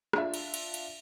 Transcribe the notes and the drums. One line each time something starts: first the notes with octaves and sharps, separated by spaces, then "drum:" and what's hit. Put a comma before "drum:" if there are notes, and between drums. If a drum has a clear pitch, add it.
D4 F4 E5, drum: rim click
drum: cymbal
drum: cymbal
drum: cymbal